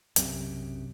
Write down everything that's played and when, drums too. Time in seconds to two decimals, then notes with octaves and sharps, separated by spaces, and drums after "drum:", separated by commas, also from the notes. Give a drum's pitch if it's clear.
0.16 B1 F#2 C3, drum: hi-hat